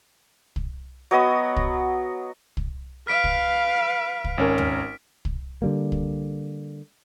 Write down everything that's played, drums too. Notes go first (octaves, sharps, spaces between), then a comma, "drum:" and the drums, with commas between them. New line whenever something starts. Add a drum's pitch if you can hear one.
drum: kick
F#3 B3 D#5 D#6
drum: kick
drum: kick
B4 F5 F6 B6 D7
drum: kick
drum: kick
G#1 C#4 A#4
drum: tom
drum: kick
D3 G3 A#3
drum: kick